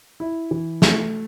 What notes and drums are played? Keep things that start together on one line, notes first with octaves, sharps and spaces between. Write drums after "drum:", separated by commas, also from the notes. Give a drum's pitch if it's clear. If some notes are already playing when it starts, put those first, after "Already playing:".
E4
E3
A3, drum: snare